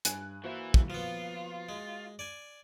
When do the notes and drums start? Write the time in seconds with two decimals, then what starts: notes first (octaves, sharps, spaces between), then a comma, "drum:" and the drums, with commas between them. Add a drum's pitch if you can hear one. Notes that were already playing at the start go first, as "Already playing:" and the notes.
0.05 G2 G#5 F#6, drum: hi-hat
0.44 E3 A#3 E4 F#4 C5
0.74 drum: kick
0.90 F3 B3 F4
1.69 G#3
2.19 D5 G#5